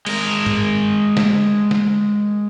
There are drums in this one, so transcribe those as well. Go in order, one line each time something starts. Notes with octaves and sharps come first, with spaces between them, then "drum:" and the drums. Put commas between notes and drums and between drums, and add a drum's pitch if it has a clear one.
G#3 A#4, drum: cymbal
drum: tom G2
drum: snare
drum: snare